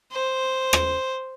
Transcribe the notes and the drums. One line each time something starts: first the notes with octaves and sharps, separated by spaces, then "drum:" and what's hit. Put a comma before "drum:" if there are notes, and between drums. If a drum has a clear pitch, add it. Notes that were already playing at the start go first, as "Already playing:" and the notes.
C5
drum: rim click